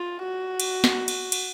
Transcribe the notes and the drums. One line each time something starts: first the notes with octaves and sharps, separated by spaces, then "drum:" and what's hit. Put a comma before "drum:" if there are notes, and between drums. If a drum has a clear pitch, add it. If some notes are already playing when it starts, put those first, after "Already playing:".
Already playing: F4
F#4
drum: cymbal
drum: snare
drum: cymbal
drum: cymbal